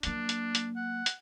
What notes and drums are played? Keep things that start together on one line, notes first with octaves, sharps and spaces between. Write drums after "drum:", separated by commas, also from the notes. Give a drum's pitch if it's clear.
F#3 A#3 D4, drum: hi-hat
drum: hi-hat
drum: hi-hat
F#5
drum: hi-hat